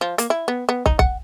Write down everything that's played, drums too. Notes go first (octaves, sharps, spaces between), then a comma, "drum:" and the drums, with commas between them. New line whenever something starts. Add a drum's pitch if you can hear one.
F3
A#3, drum: hi-hat
E4
B3
B3
D#4, drum: kick
F#5, drum: kick